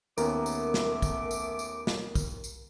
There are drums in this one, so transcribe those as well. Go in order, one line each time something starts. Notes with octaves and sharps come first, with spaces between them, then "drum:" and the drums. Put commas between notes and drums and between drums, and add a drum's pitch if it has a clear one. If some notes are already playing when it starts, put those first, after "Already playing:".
D#2 A3 B3 C#4 A#4 D6, drum: tambourine
drum: tambourine
drum: snare
drum: kick B1, tambourine
drum: tambourine
drum: tambourine
drum: snare
drum: kick B1, tambourine
drum: tambourine